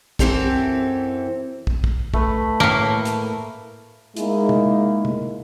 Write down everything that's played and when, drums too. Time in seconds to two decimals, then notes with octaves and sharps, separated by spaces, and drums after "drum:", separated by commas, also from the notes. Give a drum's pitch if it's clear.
0.19 F#2 A#2 E3 C4 G4 A4, drum: kick
1.67 drum: kick
1.84 drum: kick
2.14 A3 B4, drum: kick
2.60 A2 A#3
3.05 drum: hi-hat
4.16 G#3 A#3 D#4 E4, drum: hi-hat
4.49 drum: tom
5.05 drum: tom